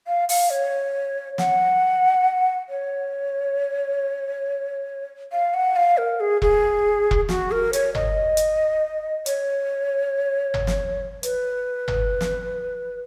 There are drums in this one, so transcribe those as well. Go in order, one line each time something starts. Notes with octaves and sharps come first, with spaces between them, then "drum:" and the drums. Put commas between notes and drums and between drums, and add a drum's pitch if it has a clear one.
F5
F5, drum: open hi-hat
C#5
F#5, drum: snare
C#5
F5
F#5
F5
A#4
G#4
G#4, drum: kick E1
drum: kick E1
F#4, drum: snare
A#4
C#5, drum: hi-hat
D#5, drum: tom G1
drum: hi-hat
C#5, drum: hi-hat
drum: tom G1
drum: snare
B4, drum: hi-hat
drum: tom G1
drum: snare